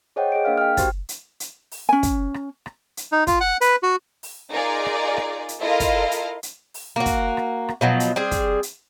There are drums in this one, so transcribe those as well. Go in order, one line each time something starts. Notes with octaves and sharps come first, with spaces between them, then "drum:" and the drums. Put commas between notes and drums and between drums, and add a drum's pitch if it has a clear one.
G#4 C5 C#5 D#5 F#5 G5
G#4 D#5 D7
A#3 D4 A#4 F5 F6
G5 F6
F#4 G4 C5 G5 A6, drum: kick, hi-hat
drum: hi-hat
drum: hi-hat
drum: open hi-hat
C#4 G#5
drum: kick, hi-hat
drum: rim click
drum: rim click
drum: hi-hat
D#4
F4, drum: kick, hi-hat
F#5
B4, drum: hi-hat
F#4
drum: open hi-hat
D#4 F4 G#4 A#4 D5
drum: rim click
drum: rim click
drum: hi-hat
E4 F4 A4 A#4 D#5 F5
drum: kick, hi-hat
drum: hi-hat
drum: hi-hat
drum: open hi-hat
A#3 F#4
drum: kick, hi-hat
drum: rim click
drum: rim click
B2 F3 F#3
drum: hi-hat
G3 C4 G#4
drum: kick, hi-hat
drum: hi-hat